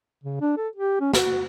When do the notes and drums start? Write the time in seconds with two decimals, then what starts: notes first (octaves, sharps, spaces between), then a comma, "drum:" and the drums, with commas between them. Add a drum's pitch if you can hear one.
0.24 C#3
0.41 D4
0.57 A4
0.76 G4
1.00 C#4
1.14 F#4, drum: snare